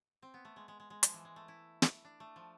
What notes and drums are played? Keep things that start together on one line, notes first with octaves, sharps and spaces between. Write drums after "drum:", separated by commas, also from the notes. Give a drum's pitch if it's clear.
C4
B3
A3
G#3
G#3
G#3
G#3
F3, drum: hi-hat
E3
G#3
A3
E4
drum: snare
D4
A3
F3